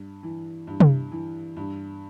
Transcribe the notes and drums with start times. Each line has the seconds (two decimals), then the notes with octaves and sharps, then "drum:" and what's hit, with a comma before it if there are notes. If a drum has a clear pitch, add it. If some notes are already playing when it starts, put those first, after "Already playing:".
Already playing: G2
0.23 E3
0.67 G2
0.80 drum: tom C3
1.12 E3
1.57 G2